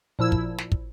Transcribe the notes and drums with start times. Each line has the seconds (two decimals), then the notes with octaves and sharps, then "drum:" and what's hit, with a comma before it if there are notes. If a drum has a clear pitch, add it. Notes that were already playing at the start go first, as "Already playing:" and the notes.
0.19 A#2 F3 E4 E6
0.32 drum: kick
0.58 drum: snare
0.72 drum: kick